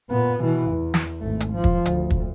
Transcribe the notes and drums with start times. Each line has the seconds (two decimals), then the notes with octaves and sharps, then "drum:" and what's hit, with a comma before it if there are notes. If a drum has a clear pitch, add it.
0.11 A#2 B3
0.40 B2 E3
0.70 E2
0.94 drum: snare
1.20 G#1 A3
1.40 drum: hi-hat
1.53 F3
1.64 drum: kick
1.86 D2, drum: hi-hat
2.10 drum: kick